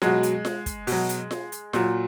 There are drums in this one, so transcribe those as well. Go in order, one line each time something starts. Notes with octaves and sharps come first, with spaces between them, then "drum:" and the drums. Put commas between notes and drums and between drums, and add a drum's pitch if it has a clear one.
B2 F#3 G#3, drum: snare F4
drum: hi-hat
drum: snare F4
drum: kick, hi-hat
B2, drum: open hi-hat
F#3
drum: hi-hat
drum: snare F4
drum: hi-hat
A#2 F#3, drum: snare F4